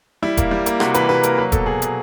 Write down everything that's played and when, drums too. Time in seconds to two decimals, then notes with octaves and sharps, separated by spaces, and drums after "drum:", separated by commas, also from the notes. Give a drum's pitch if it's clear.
0.23 G3 E4
0.37 A#3, drum: kick E1, hi-hat
0.51 G3
0.66 A#3, drum: hi-hat
0.80 C3 F#4, drum: rim click
0.94 E3 B4, drum: hi-hat
1.09 C3 B4
1.23 A#3 A#4, drum: hi-hat
1.38 F#3 B4
1.52 B2 A4, drum: kick E1, hi-hat
1.66 B2 G#4
1.82 F#3, drum: hi-hat